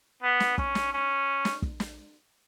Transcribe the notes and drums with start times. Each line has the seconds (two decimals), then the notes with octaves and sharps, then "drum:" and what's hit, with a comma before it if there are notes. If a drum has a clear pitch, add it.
0.23 B3
0.40 drum: snare
0.58 C#4, drum: kick
0.75 drum: snare
0.93 C#4
1.45 drum: snare
1.62 drum: kick
1.80 drum: snare